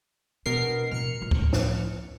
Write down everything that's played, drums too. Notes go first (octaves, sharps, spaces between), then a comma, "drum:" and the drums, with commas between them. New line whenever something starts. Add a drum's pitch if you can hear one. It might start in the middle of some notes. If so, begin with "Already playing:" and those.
B2 D4 A#4 C7
B2 E3 F6 C#7
A2 F3
drum: kick
drum: snare